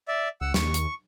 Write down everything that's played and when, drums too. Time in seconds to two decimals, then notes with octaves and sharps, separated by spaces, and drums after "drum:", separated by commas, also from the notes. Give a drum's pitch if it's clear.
0.08 D5 E5
0.41 C#2 F#5 E6
0.54 D#2 C#6, drum: snare
0.74 drum: hi-hat